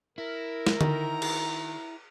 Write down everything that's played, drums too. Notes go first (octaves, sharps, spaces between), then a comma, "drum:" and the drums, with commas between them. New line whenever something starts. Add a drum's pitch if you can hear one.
E4 A#4
drum: snare
D#3 A#5, drum: tom D3
drum: cymbal